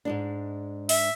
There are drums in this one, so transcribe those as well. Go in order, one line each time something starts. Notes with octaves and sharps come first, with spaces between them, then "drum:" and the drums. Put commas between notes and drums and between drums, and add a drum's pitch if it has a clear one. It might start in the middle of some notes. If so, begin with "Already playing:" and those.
G#2 G#3 D4
E5, drum: open hi-hat